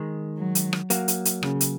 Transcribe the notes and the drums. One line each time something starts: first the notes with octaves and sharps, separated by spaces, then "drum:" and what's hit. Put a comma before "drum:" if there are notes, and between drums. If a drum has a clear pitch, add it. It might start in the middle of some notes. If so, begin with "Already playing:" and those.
Already playing: D#3 G#3
F#3
drum: hi-hat
drum: rim click
F#3 A#3, drum: hi-hat
drum: hi-hat
drum: hi-hat
C#3, drum: rim click
drum: hi-hat